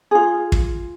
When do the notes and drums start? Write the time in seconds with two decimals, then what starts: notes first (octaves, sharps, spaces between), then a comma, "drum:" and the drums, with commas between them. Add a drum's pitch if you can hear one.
0.11 F4 G#4
0.52 drum: kick